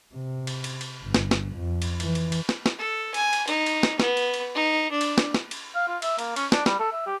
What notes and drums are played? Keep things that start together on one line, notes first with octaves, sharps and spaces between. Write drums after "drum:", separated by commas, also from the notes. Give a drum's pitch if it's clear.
C3
drum: cymbal
drum: cymbal
drum: cymbal
G1
drum: snare
drum: snare
F2
drum: cymbal
E3, drum: cymbal
drum: cymbal
drum: cymbal
drum: snare
drum: snare
A4
G#5, drum: cymbal
drum: cymbal
D#4, drum: cymbal
drum: cymbal
drum: snare
B3, drum: snare
drum: cymbal
drum: cymbal
D#4
D4
drum: cymbal
drum: snare
drum: snare
drum: cymbal
F5
F4
E5, drum: cymbal
A#3, drum: cymbal
C#4, drum: cymbal
D4, drum: snare
G3, drum: snare
A4
E5
G4